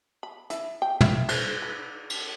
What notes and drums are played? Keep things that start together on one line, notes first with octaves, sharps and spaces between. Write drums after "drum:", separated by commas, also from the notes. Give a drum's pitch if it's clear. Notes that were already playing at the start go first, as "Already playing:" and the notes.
B5
E4, drum: hi-hat
G5
E4, drum: tom
C5, drum: cymbal
B4
drum: cymbal